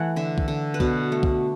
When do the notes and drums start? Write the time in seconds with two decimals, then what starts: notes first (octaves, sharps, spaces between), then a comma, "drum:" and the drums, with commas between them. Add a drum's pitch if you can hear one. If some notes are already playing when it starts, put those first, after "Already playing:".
Already playing: E3 A3 F#5
0.16 D3 E5
0.38 drum: kick
0.48 D3
0.74 B4
0.80 B2 D5, drum: kick
1.12 A3
1.23 drum: kick